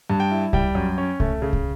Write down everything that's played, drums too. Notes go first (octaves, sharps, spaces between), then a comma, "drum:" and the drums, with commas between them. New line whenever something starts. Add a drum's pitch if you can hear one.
G2
G5
E4
G3 G5, drum: kick C2
F#2
C#4
A3, drum: kick C2
C#3
drum: kick C2